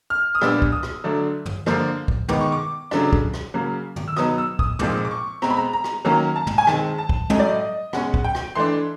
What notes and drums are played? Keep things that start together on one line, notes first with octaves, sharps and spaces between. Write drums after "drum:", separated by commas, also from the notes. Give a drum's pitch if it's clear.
F6
D#6
A#2 G3 B3 D4 E6, drum: rim click
drum: kick
D#6
drum: rim click
D3 F#3 A3 D4
drum: tom
D3 F3 A#3 D4, drum: rim click
drum: kick
D#3 G#3 B3 D#4 D6, drum: tom
C#6
D6
C#3 F#3 A3 D4, drum: rim click
drum: kick
drum: rim click
C#3 F#3 A#3
drum: tom
E6
B2 F#3 B3 D#4 D#6, drum: rim click
E6
D#6, drum: kick
A#2 F3 G#3 C4 D#4 D6, drum: tom
D6
C#6
B2 G#3 C4 A#5, drum: rim click
B5
A#5
A#5
drum: rim click
D#3 F#3 A#3 C#4 A#5
A5
drum: tom
G#5
D#3 G#3 C4 A5, drum: rim click
A5
drum: kick
A2 F#3 A3 D#5, drum: tom
D5
D#5
D#5
B2 G#3 C#4 F#5, drum: rim click
drum: kick
G5
drum: rim click
E3 A3 D4 C6